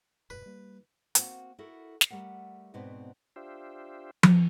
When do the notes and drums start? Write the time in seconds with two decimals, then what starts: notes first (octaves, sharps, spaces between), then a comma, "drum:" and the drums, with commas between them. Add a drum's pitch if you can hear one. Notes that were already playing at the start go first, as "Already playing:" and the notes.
0.30 E1 G2 A#2 B4
0.46 G3 A#3
1.15 A#3 C4 F#4, drum: hi-hat
1.58 E4 F#4 A4 A#4
2.01 drum: snare
2.10 G3 A3 A#4 F#5
2.74 G#2 B2 B3 C4 F#4 D5
3.36 D4 F4 G4 C5 E5
4.23 drum: tom F3